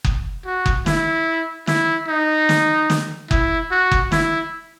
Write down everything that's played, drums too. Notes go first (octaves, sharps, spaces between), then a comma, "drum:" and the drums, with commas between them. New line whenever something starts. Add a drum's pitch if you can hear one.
drum: kick F#1
F#4
drum: kick F#1
E4, drum: snare
E4, drum: snare
D#4
drum: snare
drum: snare
E4, drum: kick F#1
F#4
drum: kick F#1
E4, drum: snare